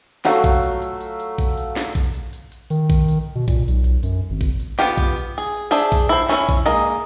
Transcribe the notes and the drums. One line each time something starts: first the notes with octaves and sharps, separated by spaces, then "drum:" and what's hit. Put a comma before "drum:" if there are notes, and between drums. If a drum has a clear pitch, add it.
F#3 A3 F5, drum: snare
drum: kick A#1, hi-hat
drum: hi-hat
drum: hi-hat
drum: hi-hat
drum: hi-hat
drum: kick A#1, hi-hat
drum: hi-hat
drum: snare
drum: kick A#1, hi-hat
drum: hi-hat
drum: hi-hat
drum: hi-hat
D#3, drum: hi-hat
drum: kick A#1, hi-hat
drum: hi-hat
B2
A#2, drum: kick A#1, hi-hat
B1, drum: hi-hat
drum: hi-hat
F#2, drum: hi-hat
G#1
drum: kick A#1, hi-hat
drum: hi-hat
B3 F4 G4, drum: snare
drum: kick A#1, hi-hat
drum: hi-hat
G#4, drum: hi-hat
drum: hi-hat
D4 G#4 C5 E5, drum: hi-hat
drum: kick A#1, hi-hat
E4 C5, drum: hi-hat
C#4 E4, drum: snare
drum: kick A#1, hi-hat
G#3 A#3 D#5, drum: hi-hat
drum: hi-hat